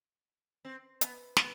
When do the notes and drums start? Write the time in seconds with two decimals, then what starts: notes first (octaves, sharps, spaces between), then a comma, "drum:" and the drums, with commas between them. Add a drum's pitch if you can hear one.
0.65 C4
1.01 B3, drum: hi-hat
1.37 B3, drum: snare